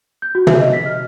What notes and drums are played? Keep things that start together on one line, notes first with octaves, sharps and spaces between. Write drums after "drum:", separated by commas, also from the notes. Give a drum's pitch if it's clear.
G6
F#4
E5, drum: tom
D#5
B6
F6